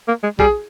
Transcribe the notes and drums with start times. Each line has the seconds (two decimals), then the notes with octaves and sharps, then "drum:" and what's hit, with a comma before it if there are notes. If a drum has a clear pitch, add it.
0.08 A#3
0.23 G#3
0.39 G3 G#4, drum: kick A#1